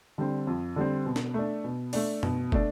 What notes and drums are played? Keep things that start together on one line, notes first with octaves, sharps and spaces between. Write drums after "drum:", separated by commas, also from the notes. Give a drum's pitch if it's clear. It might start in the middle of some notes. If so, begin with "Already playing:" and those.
D3 G3 C4
F2
D3 G3 C4
B2
drum: snare
A3 D4
B2
A3 D4, drum: open hi-hat
B2, drum: tom F#2
A3 D4, drum: kick